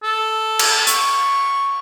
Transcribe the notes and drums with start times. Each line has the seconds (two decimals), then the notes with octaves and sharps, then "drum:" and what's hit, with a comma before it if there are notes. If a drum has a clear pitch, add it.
0.03 A4
0.59 drum: cymbal
0.87 C#6, drum: hi-hat